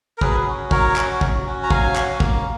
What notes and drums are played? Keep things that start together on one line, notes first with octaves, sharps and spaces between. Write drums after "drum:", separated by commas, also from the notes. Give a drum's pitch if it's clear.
A#4
F#3 G#4 B4, drum: kick
C#4 F#4
F#3 A#4 C#5, drum: kick
C#4 F#4, drum: clap
F#3, drum: kick
C#4 F#4
A#5
F#3 F5 G#5, drum: kick
C#4 F#4, drum: clap
A#3, drum: kick